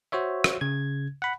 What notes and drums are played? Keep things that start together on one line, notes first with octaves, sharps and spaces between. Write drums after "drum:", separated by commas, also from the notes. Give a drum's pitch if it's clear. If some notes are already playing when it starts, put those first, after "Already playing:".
F#4 C5 C#5 E5
drum: rim click
C#3 G#6
F#5 B5